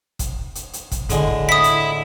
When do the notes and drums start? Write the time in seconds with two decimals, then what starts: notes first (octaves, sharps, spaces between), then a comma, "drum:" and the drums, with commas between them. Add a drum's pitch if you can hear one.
0.19 drum: kick, hi-hat
0.55 drum: hi-hat
0.73 drum: hi-hat
0.91 drum: kick, hi-hat
1.10 A2 D3 G#3, drum: kick, hi-hat
1.28 drum: kick
1.49 E4 D#6 B6
1.64 drum: hi-hat